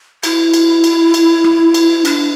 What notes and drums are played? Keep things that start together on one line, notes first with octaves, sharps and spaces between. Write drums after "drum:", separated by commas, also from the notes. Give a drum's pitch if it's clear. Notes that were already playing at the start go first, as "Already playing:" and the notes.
E4, drum: cymbal
drum: cymbal
drum: cymbal
drum: cymbal
drum: rim click
drum: cymbal
D4, drum: cymbal